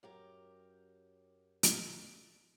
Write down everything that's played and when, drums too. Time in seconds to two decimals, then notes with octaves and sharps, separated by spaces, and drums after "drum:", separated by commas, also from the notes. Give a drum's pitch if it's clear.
0.03 F#2 G4 A#4
1.63 drum: hi-hat